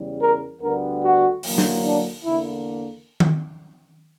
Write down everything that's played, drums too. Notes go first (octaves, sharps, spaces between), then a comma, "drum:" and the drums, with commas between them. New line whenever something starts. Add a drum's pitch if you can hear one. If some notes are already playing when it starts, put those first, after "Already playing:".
Already playing: E2 C#3 G3
A#4
D2 D3 G3 B3 A#4
F#4
E2 D3 F#3 A#3, drum: open hi-hat
drum: snare
D4
E2 D3 A#3 E4
drum: tom D#3